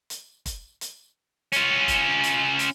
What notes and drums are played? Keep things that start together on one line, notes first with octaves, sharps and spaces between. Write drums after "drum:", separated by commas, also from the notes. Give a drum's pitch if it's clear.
drum: hi-hat
drum: kick, hi-hat
drum: hi-hat
C#4 F4, drum: hi-hat
drum: kick, hi-hat
drum: hi-hat
drum: hi-hat